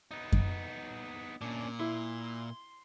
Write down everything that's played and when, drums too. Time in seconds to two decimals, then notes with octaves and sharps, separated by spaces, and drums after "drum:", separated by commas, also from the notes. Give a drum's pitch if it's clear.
0.11 B3 D#4
0.32 drum: kick F#2
1.41 A#2 C#4 D4
1.80 E4 C6